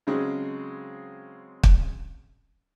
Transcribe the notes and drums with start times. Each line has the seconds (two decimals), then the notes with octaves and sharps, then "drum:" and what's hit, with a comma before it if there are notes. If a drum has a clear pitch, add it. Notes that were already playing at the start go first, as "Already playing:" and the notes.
0.07 C#3 F#3 G#3 C4 C#4 G#4
1.63 drum: kick